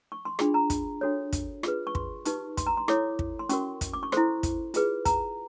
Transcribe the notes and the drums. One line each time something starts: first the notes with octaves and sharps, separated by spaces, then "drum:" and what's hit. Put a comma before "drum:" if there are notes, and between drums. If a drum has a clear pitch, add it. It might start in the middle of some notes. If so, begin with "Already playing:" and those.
C#6
C6
D4 F4 G#4 B5, drum: rim click
A#5
B5, drum: kick, hi-hat
D4 F#4 A4 C#5
drum: kick, hi-hat
F4 G#4 B4, drum: rim click
C#6
C6, drum: kick
D#4 G4 B4 C#6, drum: hi-hat
C6, drum: kick, hi-hat
A#5
C6
E4 A4 C#5 D6, drum: rim click
drum: kick
C6
C#4 F#4 A#4 C#6, drum: hi-hat
drum: kick, hi-hat
D6
C#6
E4 A4 C5 C6, drum: rim click
drum: kick, hi-hat
F4 G#4 B4, drum: hi-hat
A#5, drum: kick, hi-hat